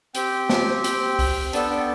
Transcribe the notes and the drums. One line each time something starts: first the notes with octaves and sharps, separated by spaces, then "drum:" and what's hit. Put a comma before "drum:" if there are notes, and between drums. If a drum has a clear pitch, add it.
C4 G4 G5, drum: hi-hat
drum: snare
G5, drum: hi-hat
drum: kick C2, open hi-hat
B3 D4 A4 A5, drum: hi-hat
G5